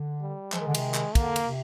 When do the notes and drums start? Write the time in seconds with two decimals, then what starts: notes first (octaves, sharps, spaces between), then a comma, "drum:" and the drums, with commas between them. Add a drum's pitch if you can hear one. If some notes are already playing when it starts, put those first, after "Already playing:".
Already playing: D3
0.21 G3
0.52 F3 G#3, drum: clap
0.60 D#3
0.67 D3
0.75 C3 D#3, drum: cymbal
0.94 drum: clap
1.15 D3 A#3, drum: kick, cymbal
1.36 drum: cymbal
1.46 C3